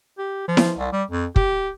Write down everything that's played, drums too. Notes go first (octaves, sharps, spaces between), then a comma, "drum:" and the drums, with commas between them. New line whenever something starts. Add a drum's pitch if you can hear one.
G4
F3
drum: snare E4
C2
G3
F2
G4, drum: kick